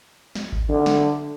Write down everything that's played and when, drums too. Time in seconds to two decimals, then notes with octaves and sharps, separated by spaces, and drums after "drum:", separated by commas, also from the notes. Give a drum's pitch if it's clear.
0.35 drum: snare
0.52 drum: kick G#1
0.69 D3
0.86 drum: snare